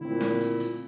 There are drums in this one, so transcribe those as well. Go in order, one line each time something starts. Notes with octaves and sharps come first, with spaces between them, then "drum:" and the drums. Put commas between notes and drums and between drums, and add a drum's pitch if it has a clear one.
A#2 D3 A3 C4 E4
drum: snare C#4
drum: hi-hat
drum: hi-hat